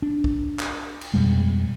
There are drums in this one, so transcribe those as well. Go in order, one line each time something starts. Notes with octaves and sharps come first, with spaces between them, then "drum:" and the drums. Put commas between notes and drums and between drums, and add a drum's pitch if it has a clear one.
D4
drum: kick
drum: clap
drum: cymbal
F2 B2 G3 G#3